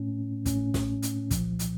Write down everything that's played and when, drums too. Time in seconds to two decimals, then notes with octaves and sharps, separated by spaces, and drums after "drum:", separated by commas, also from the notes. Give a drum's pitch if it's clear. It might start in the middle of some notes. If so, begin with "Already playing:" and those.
Already playing: A2 A3 C#4
0.46 A2 A3 C#4, drum: kick, hi-hat
0.74 drum: snare
1.02 drum: hi-hat
1.31 C2 A#2 F3, drum: kick, hi-hat
1.59 drum: hi-hat